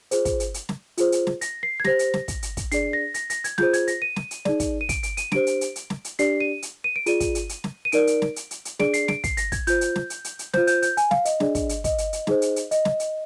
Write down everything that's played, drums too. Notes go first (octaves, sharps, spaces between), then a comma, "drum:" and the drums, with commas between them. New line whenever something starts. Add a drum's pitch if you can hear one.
F4 G#4 C5, drum: hi-hat
drum: kick, hi-hat
drum: hi-hat
drum: hi-hat
drum: snare
F4 G#4 C5, drum: hi-hat
drum: hi-hat
drum: snare
A#6, drum: hi-hat
C7
G#6
G4 C5 A#6, drum: snare
drum: hi-hat
drum: snare
drum: kick, hi-hat
drum: hi-hat
drum: kick, hi-hat
D4 G#4 D5 C7, drum: hi-hat
A#6
A#6, drum: hi-hat
A#6, drum: hi-hat
G#6, drum: hi-hat
F4 G#4 C5 G6, drum: snare
G#6, drum: hi-hat
A#6, drum: hi-hat
D#7
drum: snare
drum: hi-hat
D#4 G#4 D5, drum: snare
drum: kick, hi-hat
D#7
D7, drum: kick, hi-hat
D7, drum: hi-hat
D#7, drum: hi-hat
D4 G4 C5 D7, drum: snare
drum: hi-hat
drum: hi-hat
drum: hi-hat
drum: snare
drum: hi-hat
D4 G4 D5 C7, drum: hi-hat
D#7
drum: hi-hat
D#7
D7
F4 G#4 D5 D#7, drum: hi-hat
drum: kick, hi-hat
drum: hi-hat
drum: hi-hat
drum: snare
D#7
D#4 A#4 D5 D7, drum: hi-hat
drum: hi-hat
drum: snare
drum: hi-hat
drum: hi-hat
drum: hi-hat
D4 G#4 D5 D7, drum: snare
C7, drum: hi-hat
D7, drum: snare
C7, drum: kick, hi-hat
A#6, drum: hi-hat
G#6, drum: kick, hi-hat
F4 C5 G6, drum: hi-hat
drum: hi-hat
drum: snare
drum: hi-hat
drum: hi-hat
drum: hi-hat
F4 C5 G6, drum: snare
G6, drum: hi-hat
G6, drum: hi-hat
G#5, drum: hi-hat
F5, drum: snare
D#5, drum: hi-hat
D4 G#4 D5, drum: snare
drum: kick, hi-hat
drum: hi-hat
D#5, drum: kick, hi-hat
drum: hi-hat
drum: hi-hat
D#4 G#4 C5, drum: snare
drum: hi-hat
drum: hi-hat
D#5, drum: hi-hat
drum: snare
drum: hi-hat